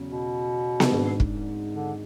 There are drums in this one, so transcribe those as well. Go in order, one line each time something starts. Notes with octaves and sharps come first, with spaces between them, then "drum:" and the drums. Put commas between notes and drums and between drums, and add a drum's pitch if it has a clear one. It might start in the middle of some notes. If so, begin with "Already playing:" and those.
Already playing: E2 C#3 F#3
B2
drum: snare B3
G#1 G#2 G#3 D4
drum: kick
D3